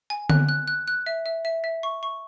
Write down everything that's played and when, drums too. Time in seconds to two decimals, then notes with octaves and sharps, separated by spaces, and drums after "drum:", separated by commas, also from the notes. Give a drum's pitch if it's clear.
0.10 G#5
0.30 F#6, drum: tom D3
0.49 F#6
0.68 F#6
0.88 F#6
1.06 E5
1.26 E5
1.45 E5
1.64 E5
1.83 C#6
2.03 C#6